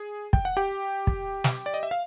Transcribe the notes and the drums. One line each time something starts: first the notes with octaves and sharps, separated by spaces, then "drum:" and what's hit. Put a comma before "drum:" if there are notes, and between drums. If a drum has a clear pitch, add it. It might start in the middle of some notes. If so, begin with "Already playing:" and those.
Already playing: G#4
G5, drum: kick
F#5
G4 G5
drum: kick
drum: snare
D5
D#5
E5
F5